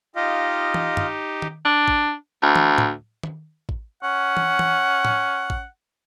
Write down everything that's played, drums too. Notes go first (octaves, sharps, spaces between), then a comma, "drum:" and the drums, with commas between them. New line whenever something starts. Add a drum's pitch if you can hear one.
D#4 F4 G4 D#5 F5
drum: tom
drum: tom F#2
drum: tom
D4
drum: kick A1
D2
drum: tom
drum: tom A2
drum: tom
drum: kick A1
C#4 F#5
drum: tom
drum: tom
drum: tom A2
drum: kick A1